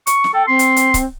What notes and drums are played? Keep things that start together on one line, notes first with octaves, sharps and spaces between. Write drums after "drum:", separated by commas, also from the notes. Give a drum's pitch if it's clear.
C#6, drum: hi-hat
drum: snare
A4 G5
C4 C6
drum: hi-hat
drum: hi-hat
drum: kick C#1, hi-hat